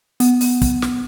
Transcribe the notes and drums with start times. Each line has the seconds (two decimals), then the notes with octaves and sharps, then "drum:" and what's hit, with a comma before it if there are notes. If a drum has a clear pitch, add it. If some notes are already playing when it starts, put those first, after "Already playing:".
0.20 B3, drum: hi-hat
0.41 drum: open hi-hat
0.62 drum: kick, hi-hat
0.82 drum: snare